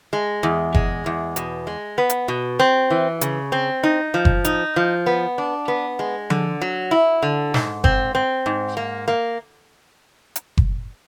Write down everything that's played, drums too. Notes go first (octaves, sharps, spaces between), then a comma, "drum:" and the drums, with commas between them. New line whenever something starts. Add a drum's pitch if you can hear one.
G#3
E2
G#3, drum: kick F#1
E2
B2, drum: hi-hat
G#3
B3
drum: hi-hat
B2
C4
E3
C#3, drum: hi-hat
C4
D#4
F3
drum: kick F#1
D#4, drum: hi-hat
F3
B3
D4
B3
G#3
D3, drum: tom F3
F#3
E4
D3
G#2, drum: snare
C4, drum: kick F#1
C4
G#2
A#3
A#3
drum: hi-hat
drum: kick F#1